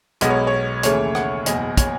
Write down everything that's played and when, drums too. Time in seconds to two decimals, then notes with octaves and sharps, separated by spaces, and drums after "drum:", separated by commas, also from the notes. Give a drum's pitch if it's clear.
0.21 B1 B2 G#3 B3 D#5, drum: hi-hat
0.30 C#5
0.47 C#5
0.83 D#2 C#3 E3 A3 C#5, drum: hi-hat
1.15 F#5, drum: rim click
1.46 F#1 E2 B2 D#5, drum: hi-hat
1.77 C#5, drum: kick, hi-hat